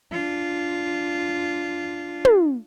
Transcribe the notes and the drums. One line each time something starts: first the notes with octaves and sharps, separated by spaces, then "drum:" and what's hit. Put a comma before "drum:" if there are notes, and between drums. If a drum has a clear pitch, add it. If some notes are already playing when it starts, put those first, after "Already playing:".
D4 F4
drum: tom